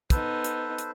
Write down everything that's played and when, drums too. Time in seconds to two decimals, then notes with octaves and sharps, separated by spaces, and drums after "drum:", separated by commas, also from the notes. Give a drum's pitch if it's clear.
0.10 B3 D#4 A4 B4 C5, drum: kick, hi-hat
0.44 drum: hi-hat
0.78 drum: hi-hat